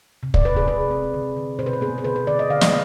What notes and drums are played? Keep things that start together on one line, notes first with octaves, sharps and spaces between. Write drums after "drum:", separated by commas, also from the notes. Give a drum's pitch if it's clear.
C3
D5, drum: kick
C3 B4
G#4
C3 B4
C4
D3
D3
B2 C5
B4
C5
B3 G#4
C5
D3 B4
B4
D3 D5
D#5
D3 F5
D#5, drum: snare